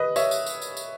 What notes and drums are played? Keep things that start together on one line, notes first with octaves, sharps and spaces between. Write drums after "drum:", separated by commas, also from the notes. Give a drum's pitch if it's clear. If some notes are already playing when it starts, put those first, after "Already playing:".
Already playing: B4 D#5
C#5 E5, drum: tambourine
drum: tambourine
drum: tambourine
drum: tambourine
drum: tambourine